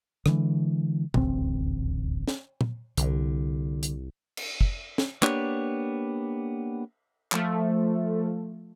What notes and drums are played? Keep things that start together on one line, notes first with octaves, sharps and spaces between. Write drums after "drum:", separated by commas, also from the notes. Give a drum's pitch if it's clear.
D3 E3 G#3, drum: rim click
D#1 A1 D2 C4, drum: tom
drum: snare
drum: tom
C2 D3, drum: hi-hat
drum: hi-hat
drum: cymbal
drum: kick
drum: snare
A#3 B3 D4 G4 C#5, drum: clap
F3 A3, drum: clap